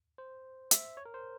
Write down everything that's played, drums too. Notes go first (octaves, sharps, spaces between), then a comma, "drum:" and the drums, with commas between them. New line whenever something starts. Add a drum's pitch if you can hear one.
C5
E5, drum: hi-hat
C#5
A#4
C5